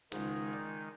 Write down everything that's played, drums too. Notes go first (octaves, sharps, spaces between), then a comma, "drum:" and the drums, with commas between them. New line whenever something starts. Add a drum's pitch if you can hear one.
C#2 G#2 D#3 G#3 D#4, drum: hi-hat
D5